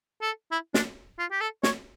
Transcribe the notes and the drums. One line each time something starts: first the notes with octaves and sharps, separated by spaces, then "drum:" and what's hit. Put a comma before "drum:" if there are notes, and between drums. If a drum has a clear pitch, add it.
A4
E4
D4, drum: snare
F4
G4
A4
C#5, drum: snare